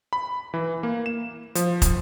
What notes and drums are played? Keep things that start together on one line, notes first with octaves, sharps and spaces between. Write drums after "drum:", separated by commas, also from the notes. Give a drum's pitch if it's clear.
B5
E3
A#3
E7
F3, drum: hi-hat
drum: kick, hi-hat